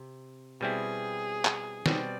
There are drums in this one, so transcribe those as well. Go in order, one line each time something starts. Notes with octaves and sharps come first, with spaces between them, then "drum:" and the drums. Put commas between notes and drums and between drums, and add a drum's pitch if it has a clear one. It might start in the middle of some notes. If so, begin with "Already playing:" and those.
Already playing: C3
B2 G3 C4 E4 G#4
drum: clap
B2 G3 C4 D5, drum: snare